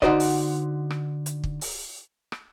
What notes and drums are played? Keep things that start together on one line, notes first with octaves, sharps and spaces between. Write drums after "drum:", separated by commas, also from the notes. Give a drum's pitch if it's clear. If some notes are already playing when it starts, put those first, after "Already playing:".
D3 D#4 F#4 C5 D5 D#5, drum: kick
drum: open hi-hat
drum: rim click
drum: hi-hat
drum: kick
drum: open hi-hat
drum: rim click